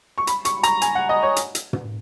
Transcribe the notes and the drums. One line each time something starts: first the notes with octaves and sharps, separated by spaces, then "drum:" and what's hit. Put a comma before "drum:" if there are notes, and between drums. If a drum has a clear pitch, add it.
C#6
B5, drum: hi-hat
C#6, drum: hi-hat
A#5, drum: hi-hat
G#5, drum: hi-hat
F#5
D#5
C#5
drum: hi-hat
drum: hi-hat
drum: tom